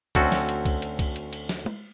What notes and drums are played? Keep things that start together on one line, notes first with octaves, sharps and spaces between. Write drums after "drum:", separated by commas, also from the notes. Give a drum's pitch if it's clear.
D2 C4 C#4 F#4 A4, drum: kick, cymbal
drum: snare
drum: cymbal
drum: kick, cymbal
drum: cymbal
drum: kick, cymbal
drum: cymbal
drum: cymbal
drum: snare
drum: tom